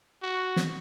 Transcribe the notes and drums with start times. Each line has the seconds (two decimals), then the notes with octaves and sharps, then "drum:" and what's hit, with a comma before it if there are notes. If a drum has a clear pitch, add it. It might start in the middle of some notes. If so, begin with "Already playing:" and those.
0.23 F#4
0.56 drum: snare